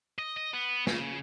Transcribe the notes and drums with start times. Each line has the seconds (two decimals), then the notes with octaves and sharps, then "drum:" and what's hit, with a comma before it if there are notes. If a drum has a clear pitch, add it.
0.19 D#5
0.37 D#5
0.53 B3
0.87 C#3, drum: snare